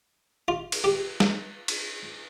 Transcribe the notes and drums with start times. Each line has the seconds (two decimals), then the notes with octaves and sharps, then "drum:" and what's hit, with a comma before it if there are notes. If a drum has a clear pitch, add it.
0.48 F4
0.72 drum: cymbal
0.84 G4
1.20 drum: snare
1.68 drum: cymbal